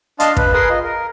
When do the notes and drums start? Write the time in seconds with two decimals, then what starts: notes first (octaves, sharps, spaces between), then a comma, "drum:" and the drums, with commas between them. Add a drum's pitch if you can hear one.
0.20 D4 D#5 F5 A5 C6, drum: hi-hat
0.37 B4, drum: kick
0.54 G#4 A#4 B4 G#5 C6 D#6
0.70 F4 D#5
0.84 A#4